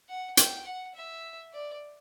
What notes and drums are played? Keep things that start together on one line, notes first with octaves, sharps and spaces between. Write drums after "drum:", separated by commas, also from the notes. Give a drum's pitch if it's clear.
F#5
G5, drum: hi-hat
F#5
E5
D5